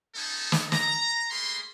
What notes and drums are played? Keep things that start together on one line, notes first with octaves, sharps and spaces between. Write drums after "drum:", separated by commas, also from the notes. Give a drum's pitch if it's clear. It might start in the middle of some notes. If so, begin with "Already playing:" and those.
A3 B3 C#4 D#4 G#4 A4
drum: snare
A#5, drum: snare
A3 A#3 G#4 B5 C6